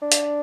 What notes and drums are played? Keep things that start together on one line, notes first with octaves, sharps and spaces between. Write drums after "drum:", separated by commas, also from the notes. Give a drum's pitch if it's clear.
D4
drum: hi-hat